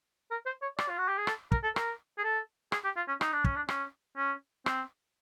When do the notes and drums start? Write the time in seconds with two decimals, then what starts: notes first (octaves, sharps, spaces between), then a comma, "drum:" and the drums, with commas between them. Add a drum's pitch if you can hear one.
0.31 A#4
0.46 C5
0.62 C#5
0.78 D5, drum: rim click
0.89 F4
0.98 F#4
1.09 G4
1.18 G#4
1.27 A4, drum: rim click
1.52 A#4, drum: kick
1.64 A4
1.76 A#4, drum: rim click
2.18 G#4
2.24 A4
2.72 G#4, drum: rim click
2.84 G4
2.97 F4
3.08 C#4
3.21 D#4, drum: rim click
3.33 D4
3.44 C#4, drum: kick
3.56 D4
3.69 C#4, drum: rim click
4.17 C#4
4.66 C4, drum: rim click